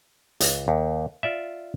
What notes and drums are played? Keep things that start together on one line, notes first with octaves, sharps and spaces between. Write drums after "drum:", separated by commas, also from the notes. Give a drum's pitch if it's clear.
C#2, drum: hi-hat
D#2
F4 D5 E5